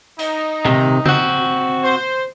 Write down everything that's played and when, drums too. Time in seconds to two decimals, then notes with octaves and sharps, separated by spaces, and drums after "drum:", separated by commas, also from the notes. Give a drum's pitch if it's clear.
0.19 D#4, drum: hi-hat
0.66 C3 D#3, drum: tom A#2
1.06 C4 F#4, drum: tom C#3
1.84 C5